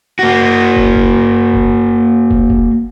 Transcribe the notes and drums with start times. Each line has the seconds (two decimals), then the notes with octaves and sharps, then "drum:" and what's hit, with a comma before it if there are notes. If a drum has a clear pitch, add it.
0.19 A#3 F#4
0.77 drum: kick
0.96 drum: kick
1.54 drum: kick
2.31 drum: kick
2.50 drum: kick